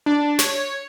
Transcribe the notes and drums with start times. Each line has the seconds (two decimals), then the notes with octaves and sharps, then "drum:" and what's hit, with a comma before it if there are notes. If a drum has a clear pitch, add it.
0.06 D4
0.39 C#5, drum: snare